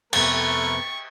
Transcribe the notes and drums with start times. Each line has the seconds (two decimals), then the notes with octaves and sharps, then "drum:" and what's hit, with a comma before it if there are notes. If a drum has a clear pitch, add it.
0.13 F2 C3 A3 B3 A#4 B4 C#6, drum: cymbal